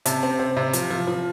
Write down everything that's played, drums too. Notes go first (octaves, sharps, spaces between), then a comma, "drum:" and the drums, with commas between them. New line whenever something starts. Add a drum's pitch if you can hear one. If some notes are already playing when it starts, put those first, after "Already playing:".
C3 A5, drum: hi-hat
C4
C4
C3
F3, drum: hi-hat
F3
F3